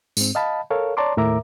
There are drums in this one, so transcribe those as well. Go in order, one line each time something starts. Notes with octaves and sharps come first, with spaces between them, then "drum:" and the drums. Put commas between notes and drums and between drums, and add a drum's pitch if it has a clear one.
G#2 C4, drum: tambourine
D#5 F5 A5 B5
A4 A#4 C#5 F5
C#5 D5 A5 A#5 C6 D6
D#2 A2 A#4 E5 A#5 D6